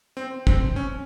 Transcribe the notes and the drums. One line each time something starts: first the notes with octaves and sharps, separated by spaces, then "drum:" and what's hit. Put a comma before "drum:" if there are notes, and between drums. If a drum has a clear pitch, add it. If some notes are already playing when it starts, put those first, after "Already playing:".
C4
C4, drum: kick
C#4